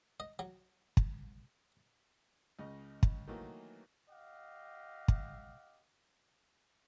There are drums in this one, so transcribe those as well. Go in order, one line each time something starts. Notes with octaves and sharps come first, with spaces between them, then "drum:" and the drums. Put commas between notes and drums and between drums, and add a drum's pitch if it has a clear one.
D#5
F#3
drum: kick
C#2 C#3 D#5
drum: kick
D#3 E3 F#3 A3 A#3
G4 D#5 F5 F#5
drum: kick